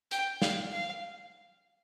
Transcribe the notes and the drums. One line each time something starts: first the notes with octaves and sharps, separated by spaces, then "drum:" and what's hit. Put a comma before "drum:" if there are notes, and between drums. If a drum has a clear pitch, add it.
G5, drum: hi-hat
F5, drum: snare
F5